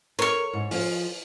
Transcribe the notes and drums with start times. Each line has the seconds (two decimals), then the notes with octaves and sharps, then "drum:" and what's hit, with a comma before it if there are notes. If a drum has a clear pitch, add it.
0.19 A#4 C#5 C#6
0.53 G#2
0.71 F3, drum: open hi-hat